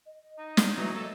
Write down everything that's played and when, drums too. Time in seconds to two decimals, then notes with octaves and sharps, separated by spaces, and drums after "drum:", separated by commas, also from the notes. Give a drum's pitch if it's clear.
0.06 D#5
0.38 D#4
0.57 drum: snare
0.78 E3 F#3
0.95 A#3 G4 A4 E5